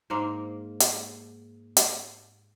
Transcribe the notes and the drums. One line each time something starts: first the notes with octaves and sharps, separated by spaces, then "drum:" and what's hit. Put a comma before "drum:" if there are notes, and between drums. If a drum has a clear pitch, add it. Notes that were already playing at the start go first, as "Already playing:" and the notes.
G#2 A#3 A#4 C5
drum: hi-hat
drum: hi-hat